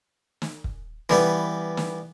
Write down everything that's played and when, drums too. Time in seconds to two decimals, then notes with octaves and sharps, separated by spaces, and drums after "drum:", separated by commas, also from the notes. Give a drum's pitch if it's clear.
0.42 drum: snare
0.64 drum: kick
1.09 E3 G3 B3, drum: snare
1.77 drum: snare